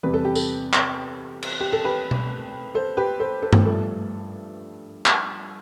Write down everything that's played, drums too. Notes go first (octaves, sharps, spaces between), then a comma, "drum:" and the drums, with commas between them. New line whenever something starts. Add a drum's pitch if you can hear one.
E2 C3 G3 B4
A4
G4
A4, drum: tambourine
drum: clap
drum: cymbal
G4
A4
G4 B4
drum: tom B2
A4 C5
G4 B4
A4 C5
A4 C5
drum: tom G2
G2 F3 A3 A4
drum: clap